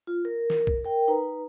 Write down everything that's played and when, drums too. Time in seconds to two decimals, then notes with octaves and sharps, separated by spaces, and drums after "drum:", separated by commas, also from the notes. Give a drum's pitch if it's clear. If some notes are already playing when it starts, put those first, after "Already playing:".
0.07 F4
0.25 A#4
0.50 drum: snare
0.67 drum: kick
0.85 A#4 G5
1.08 D#4 B4 A#5